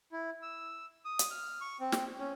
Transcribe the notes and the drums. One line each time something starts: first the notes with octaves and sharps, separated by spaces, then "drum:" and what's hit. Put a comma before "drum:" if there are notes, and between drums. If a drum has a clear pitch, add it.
E4
E6
D#6
drum: hi-hat
F6
C#6
C4
drum: snare
C#4